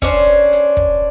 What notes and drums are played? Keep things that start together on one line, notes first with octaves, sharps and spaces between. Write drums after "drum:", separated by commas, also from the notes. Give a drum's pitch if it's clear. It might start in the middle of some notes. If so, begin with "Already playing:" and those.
C#4 D4 C5, drum: kick
drum: hi-hat
drum: kick